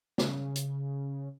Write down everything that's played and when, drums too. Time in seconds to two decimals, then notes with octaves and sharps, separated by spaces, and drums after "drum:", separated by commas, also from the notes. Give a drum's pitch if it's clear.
0.18 C#3, drum: snare
0.56 drum: hi-hat